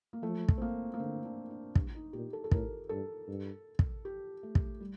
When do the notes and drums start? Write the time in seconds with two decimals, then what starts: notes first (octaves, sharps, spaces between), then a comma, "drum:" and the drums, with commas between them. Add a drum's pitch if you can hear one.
0.13 A#3
0.23 F3 A3
0.48 drum: kick
0.58 C4
0.62 A#3
0.94 A#3
0.99 D3 C4
1.25 D4
1.50 D4
1.75 G2, drum: kick
1.95 D#4
2.13 A#2 G4
2.33 A4
2.44 A4
2.51 A2 A#4, drum: kick
2.89 G2 A4
3.28 G2
3.79 drum: kick
4.05 G4
4.43 A3
4.55 drum: kick
4.80 G3